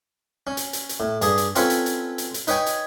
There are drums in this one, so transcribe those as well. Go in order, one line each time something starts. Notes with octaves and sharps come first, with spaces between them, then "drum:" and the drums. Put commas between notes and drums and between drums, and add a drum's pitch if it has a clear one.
C#4
drum: hi-hat
drum: hi-hat
drum: hi-hat
A2
G2 G#4 A5, drum: hi-hat
drum: hi-hat
C4 C#4 F4 A4 B4 C#5, drum: hi-hat
drum: hi-hat
drum: hi-hat
drum: hi-hat
drum: hi-hat
D#4 B4 C#5 G5 G#5, drum: hi-hat
drum: hi-hat